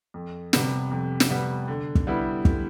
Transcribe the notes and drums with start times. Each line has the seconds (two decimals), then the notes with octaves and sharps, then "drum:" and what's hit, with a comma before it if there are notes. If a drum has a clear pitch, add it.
0.14 F2
0.53 C3 G3 B3, drum: snare
0.91 F2
1.20 drum: snare
1.30 C3 G3 B3
1.68 D3
1.95 drum: kick
2.07 G3 B3 E4 G4
2.45 D3, drum: kick